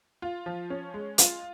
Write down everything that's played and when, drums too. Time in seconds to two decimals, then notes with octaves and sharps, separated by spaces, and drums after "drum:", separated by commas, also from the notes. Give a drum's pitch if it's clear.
0.22 F4
0.46 F3
0.70 C#4
0.94 G#3
1.18 F4, drum: hi-hat